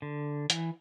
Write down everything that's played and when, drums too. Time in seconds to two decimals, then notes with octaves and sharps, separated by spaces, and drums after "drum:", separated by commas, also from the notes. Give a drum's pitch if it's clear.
0.02 D3
0.50 E3, drum: hi-hat